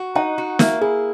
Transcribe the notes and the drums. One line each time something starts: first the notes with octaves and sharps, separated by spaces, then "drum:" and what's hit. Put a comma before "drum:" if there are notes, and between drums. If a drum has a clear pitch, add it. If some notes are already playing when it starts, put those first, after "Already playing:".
Already playing: F#4
D#4 F#5
F#4
A#3 E5, drum: snare
E4 G#4